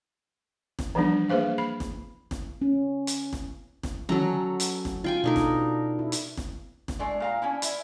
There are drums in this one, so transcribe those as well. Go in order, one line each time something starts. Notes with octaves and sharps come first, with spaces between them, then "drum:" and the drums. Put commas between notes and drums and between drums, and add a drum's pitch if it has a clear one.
drum: snare
E3 F3 G3 B3 D4
A#3 G#4 B4 C5 F5
B5
drum: snare
drum: snare
C#4
drum: hi-hat
drum: snare
drum: snare
F#3 C#4 F#4 A4 A#5, drum: tom D#3
drum: hi-hat
drum: snare
F4 G5 G#5
B2 D4 D#4 A4 A#4
drum: snare
E4
drum: hi-hat
drum: snare
drum: snare
G#3 A3 D4
A#2 F5 A#5
C#4 D4 E4
E4 E5, drum: hi-hat